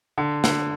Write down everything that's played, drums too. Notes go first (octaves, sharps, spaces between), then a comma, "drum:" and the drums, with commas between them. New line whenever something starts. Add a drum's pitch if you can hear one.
D3
D3, drum: snare